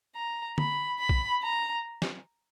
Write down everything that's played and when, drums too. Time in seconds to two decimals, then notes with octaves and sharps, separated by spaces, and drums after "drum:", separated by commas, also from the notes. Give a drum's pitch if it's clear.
0.15 A#5
0.58 B5, drum: tom D3
0.99 B5
1.09 drum: kick
1.43 A#5
2.02 drum: snare